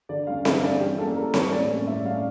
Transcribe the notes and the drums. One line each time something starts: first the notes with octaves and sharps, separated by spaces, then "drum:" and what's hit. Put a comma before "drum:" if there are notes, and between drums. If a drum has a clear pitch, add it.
D3 D5
G3 C#4 F5
D3 E5, drum: snare C4
G3 C#4 D5
E3 G4
G3 A#3 C#4 A4
E3 A#4
G3 A#3 C#4 C#5, drum: snare C4
A2 D5
G3 C#4
A2 E5
G3 C#4 F5